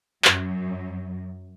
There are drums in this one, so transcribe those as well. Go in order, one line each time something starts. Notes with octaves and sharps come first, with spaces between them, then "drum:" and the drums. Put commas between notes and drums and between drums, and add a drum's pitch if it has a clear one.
F#2, drum: clap